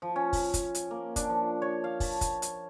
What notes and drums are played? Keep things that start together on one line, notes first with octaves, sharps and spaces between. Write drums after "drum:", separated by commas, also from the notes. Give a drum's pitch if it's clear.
F3
C#4
drum: kick, open hi-hat
drum: kick, hi-hat
drum: hi-hat
A#3
D4, drum: kick, hi-hat
F3
C#5
F5
A5, drum: kick, open hi-hat
drum: kick, hi-hat
drum: hi-hat